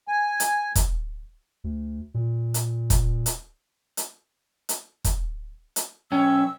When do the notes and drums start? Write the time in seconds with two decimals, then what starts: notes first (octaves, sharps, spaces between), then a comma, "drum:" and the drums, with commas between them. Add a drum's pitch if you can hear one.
0.08 G#5
0.40 drum: hi-hat
0.75 drum: kick, hi-hat
1.64 D2
2.14 A#2
2.54 drum: hi-hat
2.90 drum: kick, hi-hat
3.26 drum: hi-hat
3.97 drum: hi-hat
4.69 drum: hi-hat
5.04 drum: kick, hi-hat
5.76 drum: hi-hat
6.12 B1 C#4 G5 E6